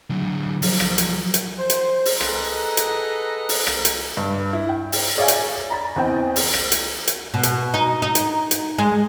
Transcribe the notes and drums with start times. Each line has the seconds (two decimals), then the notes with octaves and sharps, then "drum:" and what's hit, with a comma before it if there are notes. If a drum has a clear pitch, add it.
0.10 D3 F#3
0.62 F3 F#3, drum: open hi-hat
0.80 drum: rim click
0.98 drum: hi-hat
1.34 drum: hi-hat
1.58 C5
1.70 drum: hi-hat
2.05 drum: open hi-hat
2.21 G#4 A4 B4 D#5 F#5 A#5, drum: rim click
2.77 drum: hi-hat
3.49 drum: open hi-hat
3.67 drum: rim click
3.85 drum: hi-hat
4.17 G2
4.53 E4
4.69 G5
4.92 drum: open hi-hat
5.17 G#4 C#5 D5 E5 F5 G#5
5.28 drum: hi-hat
5.70 A#5 B5 A6
5.96 E2 C4 D#5 G5
6.36 drum: open hi-hat
6.54 drum: rim click
6.72 drum: hi-hat
7.07 drum: hi-hat
7.34 B2
7.43 drum: hi-hat
7.74 D#4
8.02 D#4
8.15 drum: hi-hat
8.51 drum: hi-hat
8.79 G#3